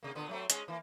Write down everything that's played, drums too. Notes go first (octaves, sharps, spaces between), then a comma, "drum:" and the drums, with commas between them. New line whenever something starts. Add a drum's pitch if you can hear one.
C3 A#3
A#2 D3 B3
F#3 A3 C4
G#3 C#4, drum: hi-hat
E3 A#3